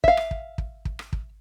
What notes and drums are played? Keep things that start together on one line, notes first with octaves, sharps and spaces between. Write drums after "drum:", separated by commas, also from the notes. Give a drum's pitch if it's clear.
E5 F5, drum: kick
drum: rim click
drum: kick
drum: kick
drum: kick
drum: rim click
drum: kick